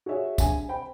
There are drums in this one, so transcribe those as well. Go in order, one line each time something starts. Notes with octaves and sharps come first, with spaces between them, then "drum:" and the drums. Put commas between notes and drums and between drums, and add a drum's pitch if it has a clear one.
F#4 G#4 C#5 E5
G2 G#4 G#5, drum: kick, tambourine
C5 G5 B5